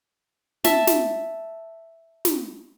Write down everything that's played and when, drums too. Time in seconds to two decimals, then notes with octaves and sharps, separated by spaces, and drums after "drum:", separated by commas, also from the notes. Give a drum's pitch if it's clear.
0.64 E5 A5, drum: snare
0.87 drum: snare
2.25 drum: snare